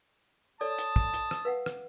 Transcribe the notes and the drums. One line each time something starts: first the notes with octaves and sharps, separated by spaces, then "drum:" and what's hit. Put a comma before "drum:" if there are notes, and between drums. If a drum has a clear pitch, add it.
A4 C#5 D5 A5 D#6
drum: hi-hat
drum: kick
drum: hi-hat
drum: rim click
B4 F5 F#5
drum: rim click